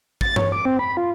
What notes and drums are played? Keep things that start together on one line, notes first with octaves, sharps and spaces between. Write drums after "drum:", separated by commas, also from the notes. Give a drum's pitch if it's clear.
A6, drum: kick
C#5, drum: tom G2
D6
C4
B5
F4